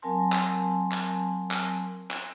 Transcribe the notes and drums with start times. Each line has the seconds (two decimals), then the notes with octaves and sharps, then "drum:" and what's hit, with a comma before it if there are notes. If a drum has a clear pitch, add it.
0.02 F#3 C4 A#4 G#5 A5 C6
0.32 drum: clap
0.92 drum: clap
1.51 drum: clap
2.10 drum: clap